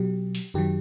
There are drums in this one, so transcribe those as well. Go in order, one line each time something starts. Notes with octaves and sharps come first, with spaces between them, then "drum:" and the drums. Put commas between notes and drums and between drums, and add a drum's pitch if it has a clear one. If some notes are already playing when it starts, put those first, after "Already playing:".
Already playing: B2 F#3 G4
drum: open hi-hat
F#2 D#3 F#3 G4